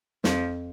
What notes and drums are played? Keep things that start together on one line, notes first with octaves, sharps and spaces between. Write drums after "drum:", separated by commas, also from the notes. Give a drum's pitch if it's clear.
F2 F3, drum: snare